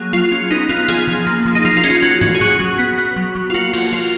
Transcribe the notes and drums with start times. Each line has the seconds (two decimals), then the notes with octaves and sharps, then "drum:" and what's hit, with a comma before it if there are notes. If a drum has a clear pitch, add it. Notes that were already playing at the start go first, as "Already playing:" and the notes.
Already playing: F#3 A#3 G#4
0.13 F#3 F4
0.32 C#4
0.51 B3 D#4
0.69 B3 F4
0.88 F3 G#4, drum: hi-hat
1.08 F3
1.27 A#3
1.45 F3
1.55 D#4
1.65 F3 F4
1.77 F4
1.84 C#4, drum: hi-hat
1.90 F4
2.02 C#4 F#4
2.21 C#4, drum: tom
2.35 G#4
2.41 F#3 F#4
2.60 F#3
2.78 B3
2.98 B3
3.16 F#3
3.35 F#3
3.50 F4
3.54 A#3 F#4
3.74 F3 F#4, drum: cymbal
3.92 F3 F4